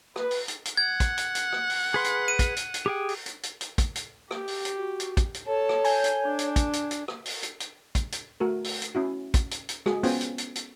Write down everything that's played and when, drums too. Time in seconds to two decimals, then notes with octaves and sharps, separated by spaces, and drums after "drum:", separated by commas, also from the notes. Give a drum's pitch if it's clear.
0.16 B4, drum: rim click
0.31 drum: open hi-hat
0.48 drum: hi-hat
0.65 drum: hi-hat
0.77 F#5 G#6
1.00 drum: kick, hi-hat
1.18 drum: hi-hat
1.35 drum: hi-hat
1.52 drum: rim click
1.70 drum: open hi-hat
1.94 G#4 B4 C6
2.04 drum: hi-hat
2.28 D#7
2.39 drum: kick, hi-hat
2.57 drum: hi-hat
2.74 drum: hi-hat
2.86 G4 G#4 G5
3.09 drum: open hi-hat
3.26 drum: hi-hat
3.43 drum: hi-hat
3.61 drum: hi-hat
3.78 drum: kick, hi-hat
3.95 drum: hi-hat
4.31 G4, drum: rim click
4.48 drum: open hi-hat
4.65 drum: hi-hat
4.77 F#4
5.00 drum: hi-hat
5.17 drum: kick, hi-hat
5.34 drum: hi-hat
5.47 A4 C#5 A5
5.69 drum: rim click
5.84 G#5 G6, drum: open hi-hat
6.04 drum: hi-hat
6.25 D4
6.39 drum: hi-hat
6.56 drum: kick, hi-hat
6.73 drum: hi-hat
6.91 drum: hi-hat
7.08 drum: rim click
7.25 drum: open hi-hat
7.43 drum: hi-hat
7.60 drum: hi-hat
7.95 drum: kick, hi-hat
8.12 drum: hi-hat
8.40 A3 F#4 A#4
8.64 drum: open hi-hat
8.82 drum: hi-hat
8.95 C#4 E4 F#4
9.34 drum: kick, hi-hat
9.51 drum: hi-hat
9.69 drum: hi-hat
9.86 G#3 F#4 G#4, drum: rim click
10.03 B3 C#4 F4 C5 G5 G#5, drum: open hi-hat
10.21 drum: hi-hat
10.38 drum: hi-hat
10.56 drum: hi-hat